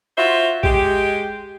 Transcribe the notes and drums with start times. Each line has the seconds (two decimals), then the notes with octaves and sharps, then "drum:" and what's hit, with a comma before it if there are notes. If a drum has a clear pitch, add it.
0.18 F4 F#4 C5 E5
0.64 G#3 G4, drum: kick